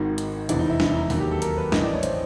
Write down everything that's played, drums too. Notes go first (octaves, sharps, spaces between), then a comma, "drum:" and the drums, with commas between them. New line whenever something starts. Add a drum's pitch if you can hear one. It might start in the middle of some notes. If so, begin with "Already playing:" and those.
Already playing: G#1 G#2 D#3 F#4
drum: hi-hat
F1 E2 C3 E3 D4, drum: hi-hat
D#4
E4
D#4, drum: snare
E4
D#4
D#2 D#3 F#3, drum: open hi-hat
G4
A4
A#4, drum: hi-hat
B4
A1 A2 E3 D#5, drum: snare
D5
C#5
C5, drum: hi-hat